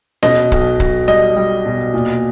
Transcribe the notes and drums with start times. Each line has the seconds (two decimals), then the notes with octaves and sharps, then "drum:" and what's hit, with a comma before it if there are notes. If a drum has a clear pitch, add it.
0.23 B2 D#5, drum: snare C#4
0.52 B1, drum: kick
0.80 B1, drum: kick
1.08 G3 D#5
1.36 G3
1.66 B2
1.94 A#2